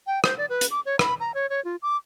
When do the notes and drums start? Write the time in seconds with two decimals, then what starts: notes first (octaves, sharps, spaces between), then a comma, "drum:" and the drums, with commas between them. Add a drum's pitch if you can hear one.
0.07 G5
0.24 C5, drum: rim click
0.38 D5
0.49 B4
0.61 drum: hi-hat
0.71 D6
0.86 C#5
0.99 B5, drum: rim click
1.20 A#5
1.34 C#5
1.50 C#5
1.65 F4
1.82 D6